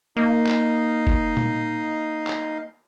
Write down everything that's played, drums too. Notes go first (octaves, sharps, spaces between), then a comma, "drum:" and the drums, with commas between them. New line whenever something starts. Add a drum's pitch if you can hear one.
A#3 D#4 D#5 F5
drum: clap
drum: kick F#1
drum: tom A#2
drum: clap